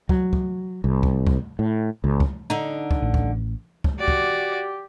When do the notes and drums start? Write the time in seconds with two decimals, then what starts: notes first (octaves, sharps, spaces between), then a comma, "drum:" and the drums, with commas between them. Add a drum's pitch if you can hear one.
0.09 F#3, drum: kick
0.33 drum: kick
0.84 C2
1.03 drum: kick
1.27 drum: kick
1.59 A2
2.04 C#2
2.20 drum: kick
2.50 D3 D#4
2.91 drum: kick
3.02 A1
3.14 drum: kick
3.84 drum: kick
3.99 F#4 G4 D5
4.08 drum: kick